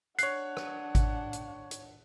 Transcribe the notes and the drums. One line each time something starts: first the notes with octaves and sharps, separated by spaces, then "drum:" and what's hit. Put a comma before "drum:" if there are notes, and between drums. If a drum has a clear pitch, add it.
D4 C#5 F#5 F#6 C7, drum: hi-hat
drum: rim click
drum: kick G#1, hi-hat
drum: hi-hat
drum: hi-hat